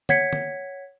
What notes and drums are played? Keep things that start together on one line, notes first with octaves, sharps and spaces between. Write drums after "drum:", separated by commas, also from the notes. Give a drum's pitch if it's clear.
C#5 F#5 G#6 B6 C#7, drum: tom
drum: tom